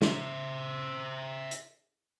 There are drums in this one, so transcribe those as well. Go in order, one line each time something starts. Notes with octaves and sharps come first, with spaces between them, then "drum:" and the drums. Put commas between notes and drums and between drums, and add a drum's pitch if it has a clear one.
C5 E5, drum: snare
drum: hi-hat